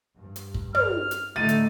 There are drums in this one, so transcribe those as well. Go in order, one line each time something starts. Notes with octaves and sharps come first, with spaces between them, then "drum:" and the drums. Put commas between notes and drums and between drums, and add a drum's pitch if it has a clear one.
G2
drum: hi-hat
drum: kick
F6, drum: tom
drum: hi-hat
A2 D3 A3 D#4 A6 D#7
drum: hi-hat